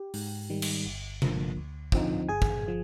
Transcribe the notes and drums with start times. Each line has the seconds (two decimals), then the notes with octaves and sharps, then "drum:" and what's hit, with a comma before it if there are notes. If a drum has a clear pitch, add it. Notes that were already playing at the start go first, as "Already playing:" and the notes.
Already playing: G4
0.14 G#2, drum: open hi-hat
0.50 D#3 G3
0.62 drum: cymbal
0.86 G1
1.22 G2 D3 F3 A#3, drum: tom C3
1.57 D2
1.92 D3 F3 C4 D#4, drum: kick
2.29 G1 G#4 G#5
2.42 drum: kick
2.68 F3